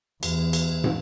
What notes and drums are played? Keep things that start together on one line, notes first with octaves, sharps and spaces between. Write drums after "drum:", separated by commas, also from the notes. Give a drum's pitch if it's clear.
E2, drum: cymbal
drum: cymbal
drum: tom